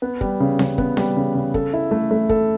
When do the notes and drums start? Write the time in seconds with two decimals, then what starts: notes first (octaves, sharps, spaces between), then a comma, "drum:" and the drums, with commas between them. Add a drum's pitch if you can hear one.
0.02 B3
0.21 G3, drum: kick
0.40 C#3
0.59 C#3, drum: snare C4
0.78 B3, drum: kick
0.97 G3, drum: snare C4
1.16 C#3
1.34 C#3
1.54 A4, drum: kick
1.73 E4
1.91 A3
2.11 A3
2.29 A4, drum: kick